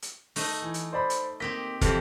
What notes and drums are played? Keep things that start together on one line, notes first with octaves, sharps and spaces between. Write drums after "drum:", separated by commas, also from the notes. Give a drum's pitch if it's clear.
drum: hi-hat
A3 D#4, drum: open hi-hat
E3
drum: hi-hat
C5 D5 B5
drum: hi-hat
A#3 C4 G4 D#5 B6
F2 C3 E3 G4 A4, drum: kick, hi-hat